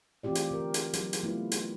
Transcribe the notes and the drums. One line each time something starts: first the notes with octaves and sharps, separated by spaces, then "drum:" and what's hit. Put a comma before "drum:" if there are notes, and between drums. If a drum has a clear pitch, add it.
E3 A3 C4 F4 G4 D5
drum: hi-hat
D3 A#4
drum: hi-hat
F#3, drum: hi-hat
drum: hi-hat
A3 B3 E4 F4 B4
drum: hi-hat